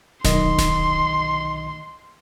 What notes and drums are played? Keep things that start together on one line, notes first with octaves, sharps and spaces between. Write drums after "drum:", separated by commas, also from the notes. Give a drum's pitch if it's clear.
B1 D#3 D#5 C6, drum: snare D1
drum: snare D1